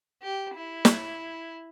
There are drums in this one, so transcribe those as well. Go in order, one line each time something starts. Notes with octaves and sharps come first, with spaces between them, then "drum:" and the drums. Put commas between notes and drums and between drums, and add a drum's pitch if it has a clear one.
G4
E4
drum: snare